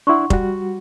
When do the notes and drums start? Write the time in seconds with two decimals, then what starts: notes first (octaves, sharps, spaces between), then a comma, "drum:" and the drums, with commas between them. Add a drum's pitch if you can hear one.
0.07 D4 E4 F#5 C6 C#6
0.30 G3 F#4, drum: kick F1